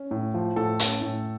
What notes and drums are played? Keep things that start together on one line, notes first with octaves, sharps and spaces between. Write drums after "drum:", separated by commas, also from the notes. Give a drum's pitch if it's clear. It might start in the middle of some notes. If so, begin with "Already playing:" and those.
Already playing: C#4
A2
F3
A2 A4
C#4, drum: hi-hat
A2